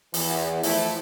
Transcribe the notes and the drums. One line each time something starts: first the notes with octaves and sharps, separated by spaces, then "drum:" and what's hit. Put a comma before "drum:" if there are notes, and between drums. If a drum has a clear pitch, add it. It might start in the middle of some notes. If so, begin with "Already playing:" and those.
E2 E3, drum: open hi-hat
F3 A3 E4, drum: open hi-hat